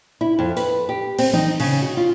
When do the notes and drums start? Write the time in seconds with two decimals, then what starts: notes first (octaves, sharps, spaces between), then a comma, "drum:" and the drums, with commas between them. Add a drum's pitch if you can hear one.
0.21 E4
0.39 F2
0.57 B4, drum: open hi-hat
0.89 G4
1.19 C4, drum: cymbal
1.34 D#4, drum: tom D#3
1.60 C#3, drum: cymbal
1.82 F#4
1.97 F4